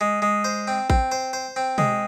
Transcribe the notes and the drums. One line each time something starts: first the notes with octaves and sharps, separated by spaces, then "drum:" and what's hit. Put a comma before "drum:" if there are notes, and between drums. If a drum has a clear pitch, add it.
G#3
G#3
C5
C4
C4, drum: kick A1
C5
C5
C4
G#3, drum: tom B2